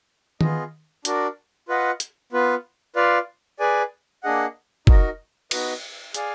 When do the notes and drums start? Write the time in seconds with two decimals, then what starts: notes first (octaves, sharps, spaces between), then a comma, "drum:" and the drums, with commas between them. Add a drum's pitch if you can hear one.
0.41 B3 F4 G#4 D#5, drum: tom D#3
1.05 D4 F#4 A#4 D5, drum: hi-hat
1.68 F4 B4 D#5 F#5
2.00 drum: hi-hat
2.33 B3 F4 B4
2.96 F4 B4 D5 F5
3.59 G#4 B4 D5 G#5
4.23 A#3 D4 G#4 D#5 F#5
4.87 D#4 F#4 A#4 D#5, drum: kick
5.51 B3 D#4 F#4 B4 D#5, drum: cymbal
6.14 G#4 D5 F5 G#5, drum: hi-hat